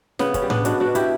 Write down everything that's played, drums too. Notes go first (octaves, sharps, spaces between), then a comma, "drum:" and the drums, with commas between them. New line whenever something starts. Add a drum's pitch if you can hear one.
C#3 B3, drum: snare
C#4, drum: kick, hi-hat
G3
B3 D4, drum: tom A2
B2 D4 F#4, drum: hi-hat
D4 F#4
B2
E4 G4, drum: hi-hat